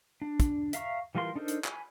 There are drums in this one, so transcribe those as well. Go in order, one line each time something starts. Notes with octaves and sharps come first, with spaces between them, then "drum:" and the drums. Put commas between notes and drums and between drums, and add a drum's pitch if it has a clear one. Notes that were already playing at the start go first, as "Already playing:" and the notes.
D4
drum: kick, hi-hat
E5 F5 A#5 C#6, drum: hi-hat
E3 G3 F4 A#4 C6
D4 D#4 A4 A#4 C5
drum: hi-hat
G#5 B5, drum: clap